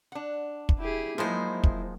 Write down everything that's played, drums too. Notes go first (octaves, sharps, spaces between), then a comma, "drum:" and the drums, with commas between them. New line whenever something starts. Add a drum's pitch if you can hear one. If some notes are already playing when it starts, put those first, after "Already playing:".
D4 F#5
drum: kick
E4 G4 G#4
F3 F#3 G#3 A#3 D#4 E4 C5
drum: kick